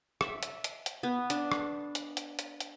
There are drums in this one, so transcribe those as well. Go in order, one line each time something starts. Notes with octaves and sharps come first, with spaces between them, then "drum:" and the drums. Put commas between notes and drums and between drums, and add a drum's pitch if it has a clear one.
E5, drum: rim click
drum: hi-hat
drum: hi-hat
drum: hi-hat
B3
D4, drum: hi-hat
drum: rim click
drum: hi-hat
drum: hi-hat
drum: hi-hat
drum: hi-hat